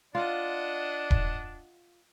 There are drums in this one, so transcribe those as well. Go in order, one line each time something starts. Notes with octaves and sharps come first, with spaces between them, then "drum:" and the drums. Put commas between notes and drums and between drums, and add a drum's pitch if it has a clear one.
D4 F4 D5 D#5 F#5
drum: kick D#1